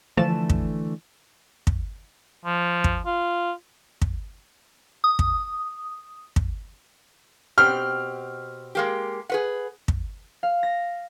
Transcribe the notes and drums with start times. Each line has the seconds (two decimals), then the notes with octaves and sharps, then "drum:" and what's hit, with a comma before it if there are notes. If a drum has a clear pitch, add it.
0.17 D3 E3 F3 A3 A5 E7
0.50 drum: kick
1.67 drum: kick
2.45 F3
2.84 drum: kick
3.06 F4
4.02 drum: kick
5.04 D#6
5.19 drum: kick
6.36 drum: kick
7.58 B2 C4 G4 F6
8.75 G#3 A#3 G4
9.29 G#4 B4 F#5
9.88 drum: kick
10.43 F5
10.63 A#6